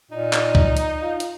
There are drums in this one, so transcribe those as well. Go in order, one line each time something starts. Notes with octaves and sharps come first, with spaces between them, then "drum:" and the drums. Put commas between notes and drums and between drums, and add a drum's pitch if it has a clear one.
A#2 D#4
drum: clap
drum: kick
drum: hi-hat
F4
drum: hi-hat